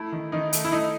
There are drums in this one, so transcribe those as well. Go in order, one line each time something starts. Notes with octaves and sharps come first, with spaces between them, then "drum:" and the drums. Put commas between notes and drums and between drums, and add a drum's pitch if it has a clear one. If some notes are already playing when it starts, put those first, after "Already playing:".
Already playing: A3 E4
D#3
D#3 D#4
A3, drum: hi-hat
E4
A3 D#4